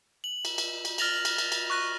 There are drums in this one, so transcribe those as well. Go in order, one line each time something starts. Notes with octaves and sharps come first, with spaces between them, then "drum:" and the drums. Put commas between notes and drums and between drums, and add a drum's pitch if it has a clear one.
F#7
drum: cymbal
drum: cymbal
drum: cymbal
F6 A6 A#6 F7 F#7, drum: cymbal
drum: cymbal
drum: cymbal
drum: cymbal
C#6 F#6 A#6